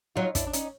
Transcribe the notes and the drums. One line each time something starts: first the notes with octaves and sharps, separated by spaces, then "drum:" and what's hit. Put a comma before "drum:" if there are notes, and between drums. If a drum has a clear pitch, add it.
F#3 D#4 F4
D4 E4, drum: kick, hi-hat
D4
C#4 D#4, drum: hi-hat